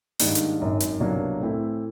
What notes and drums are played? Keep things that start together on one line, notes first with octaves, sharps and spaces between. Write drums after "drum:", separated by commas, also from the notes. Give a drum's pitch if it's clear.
G#2 D#3 G3 A#3 D4, drum: open hi-hat
drum: hi-hat
G#1 F#2 D#3
drum: hi-hat
C2 B2 F#3 A#3 D4
A2 E3 A3 C4 E4